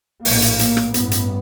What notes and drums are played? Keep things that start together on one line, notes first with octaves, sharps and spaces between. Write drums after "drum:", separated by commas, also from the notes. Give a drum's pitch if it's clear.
A#1 A2 A#3, drum: open hi-hat
drum: hi-hat
drum: hi-hat
drum: rim click
A1 G2 B3, drum: hi-hat
drum: hi-hat